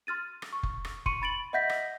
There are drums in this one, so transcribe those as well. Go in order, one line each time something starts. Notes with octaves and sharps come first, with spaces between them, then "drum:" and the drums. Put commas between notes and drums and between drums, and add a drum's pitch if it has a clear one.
C6 F6 A6 D#7
drum: rim click
C#6
drum: kick F1
drum: rim click
C6 C#6 C#7 D#7, drum: kick F1
B5 A6 D7 F#7
D#5 E5 F#5 G6 A#6 B6
drum: rim click